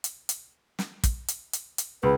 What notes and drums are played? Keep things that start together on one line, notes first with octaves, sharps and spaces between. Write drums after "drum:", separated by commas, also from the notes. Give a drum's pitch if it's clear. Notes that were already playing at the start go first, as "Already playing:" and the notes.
drum: hi-hat
drum: hi-hat
drum: snare
drum: kick, hi-hat
drum: hi-hat
drum: hi-hat
drum: hi-hat
C#2 B4